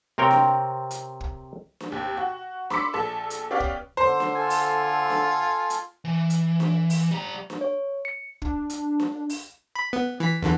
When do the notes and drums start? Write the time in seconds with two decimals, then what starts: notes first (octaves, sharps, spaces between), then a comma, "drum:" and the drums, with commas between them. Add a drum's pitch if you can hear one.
0.18 C3 C4 A#4 C#5 G5
0.31 drum: snare D4
0.91 drum: hi-hat
1.21 drum: kick
1.80 drum: snare D4
1.90 D#2 C3
2.17 F#4
2.70 B5 C6 D6 E6 B6 C#7, drum: snare D4
2.93 A#1 A4 E7
3.30 drum: hi-hat
3.51 B3 C#4 G4 D5 F5 G5
3.60 drum: kick
3.97 D3 C5
4.20 drum: snare D4
4.35 F4 A4 G#5
4.50 drum: open hi-hat
5.10 drum: snare D4
5.70 drum: hi-hat
6.05 E3
6.30 drum: hi-hat
6.60 drum: snare D4
6.90 drum: open hi-hat
7.11 G3 A#5
7.50 drum: snare D4
7.61 C#5
8.05 C#7
8.42 D4, drum: kick
8.70 drum: hi-hat
9.00 drum: snare D4
9.30 drum: open hi-hat
9.75 B5
9.93 B3
10.20 E3 B6
10.42 E2 D3 E3